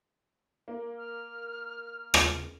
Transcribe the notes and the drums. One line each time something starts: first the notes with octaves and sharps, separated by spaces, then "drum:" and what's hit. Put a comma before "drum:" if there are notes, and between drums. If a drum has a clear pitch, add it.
A#3
F6
drum: rim click